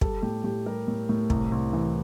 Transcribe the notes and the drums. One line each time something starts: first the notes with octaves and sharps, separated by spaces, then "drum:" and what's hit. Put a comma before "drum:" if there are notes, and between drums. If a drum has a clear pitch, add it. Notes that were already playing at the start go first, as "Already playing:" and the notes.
G3 A4, drum: kick
A2 G4
A2 G4
G3 A#4
A2
A2
C2, drum: kick
C2
E3